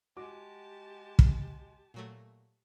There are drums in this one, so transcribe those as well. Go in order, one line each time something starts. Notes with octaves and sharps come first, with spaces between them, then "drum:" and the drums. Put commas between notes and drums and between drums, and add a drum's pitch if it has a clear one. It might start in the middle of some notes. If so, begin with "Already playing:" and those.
G#3 F#4 G4 A5 D6
drum: kick
A#2 F#3 A3